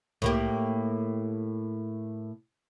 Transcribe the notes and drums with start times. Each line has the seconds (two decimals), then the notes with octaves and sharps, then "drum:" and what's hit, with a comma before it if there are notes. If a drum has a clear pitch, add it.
0.22 A2 A#3 G4, drum: tom C2